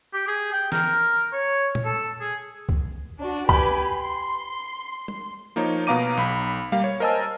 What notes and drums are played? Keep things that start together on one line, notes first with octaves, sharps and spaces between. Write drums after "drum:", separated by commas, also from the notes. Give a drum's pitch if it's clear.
G4
G#4
G5
A#4, drum: snare
C#5
drum: tom A#2
A4
G#4
drum: kick C#2
D4 F#4
G4 B4 G#5 B5, drum: kick C#2
C6
drum: tom
F3 A#3 D#4 C#5
B2 B3 F5 A#5 D6 D#7
B1 B5
G3 A#3 F5
C#5
A#4 C5 D#5 G#5 A5 E6